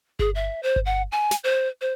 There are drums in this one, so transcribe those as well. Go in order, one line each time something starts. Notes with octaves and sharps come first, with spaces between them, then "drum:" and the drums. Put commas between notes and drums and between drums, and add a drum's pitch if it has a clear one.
G#4, drum: kick G1
E5
C5
drum: kick G1
F#5
G#5
drum: snare
C5
C5